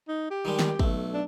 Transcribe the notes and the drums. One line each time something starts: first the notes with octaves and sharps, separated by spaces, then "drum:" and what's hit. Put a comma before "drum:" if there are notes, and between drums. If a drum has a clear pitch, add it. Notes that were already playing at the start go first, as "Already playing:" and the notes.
D#4
G4
D#3 G3 G#3
drum: snare
B1 A3, drum: kick
D4